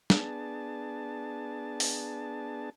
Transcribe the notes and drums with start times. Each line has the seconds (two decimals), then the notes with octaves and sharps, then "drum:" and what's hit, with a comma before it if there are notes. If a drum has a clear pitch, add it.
0.10 B3 D4 G#4 A5, drum: snare
1.80 drum: open hi-hat